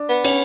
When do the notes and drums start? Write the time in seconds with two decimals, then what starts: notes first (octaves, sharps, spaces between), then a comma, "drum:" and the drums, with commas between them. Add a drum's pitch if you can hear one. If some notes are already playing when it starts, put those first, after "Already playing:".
Already playing: D4
0.09 B3
0.24 C#4, drum: cymbal